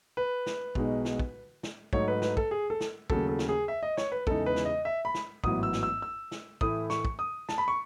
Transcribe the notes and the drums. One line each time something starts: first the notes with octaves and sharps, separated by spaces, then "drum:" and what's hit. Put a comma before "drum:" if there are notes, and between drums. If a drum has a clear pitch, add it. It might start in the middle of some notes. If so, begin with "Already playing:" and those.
B4
drum: snare
B1 B2 G#3 D#4, drum: kick
drum: snare
drum: kick
drum: snare
G#2 F#3 A3 D#4 C#5, drum: kick
B4
B4, drum: snare
A4, drum: kick
G#4
A4
drum: snare
D#2 C#3 F#3 A3 A4, drum: kick
A4
drum: snare
G#4
E5
D#5
C#5, drum: snare
B4
E2 C#3 E3 G#3 D#4 A4, drum: kick
B4
drum: snare
D#5
E5
B5
drum: snare
A1 G#2 F#3 B3 E4 D#6, drum: kick
E6
drum: snare
E6
E6
drum: snare
A2 E3 A3 E4 D#6, drum: kick
C#6, drum: snare
drum: kick
D#6
A5, drum: snare
B5
C#6